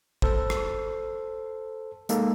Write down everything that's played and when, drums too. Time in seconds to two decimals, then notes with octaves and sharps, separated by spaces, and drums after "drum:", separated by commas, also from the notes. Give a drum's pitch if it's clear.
0.22 A4 C5, drum: kick
0.50 drum: rim click
2.09 G#3 A#3 D#4 A4, drum: hi-hat